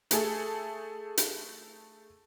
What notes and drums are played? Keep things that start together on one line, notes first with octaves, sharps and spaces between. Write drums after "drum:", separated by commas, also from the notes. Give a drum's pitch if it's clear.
A3 G#4 A4, drum: hi-hat
drum: hi-hat